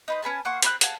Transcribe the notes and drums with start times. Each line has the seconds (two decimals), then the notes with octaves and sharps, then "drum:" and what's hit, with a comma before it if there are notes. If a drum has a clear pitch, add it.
0.08 D#4 B4 C5
0.22 C#4 B4 G#5 A5
0.45 A#3 F#5 C6 C#6
0.62 C4 B5 D6 F#6, drum: hi-hat
0.81 F5 F#5 G#5 A5, drum: hi-hat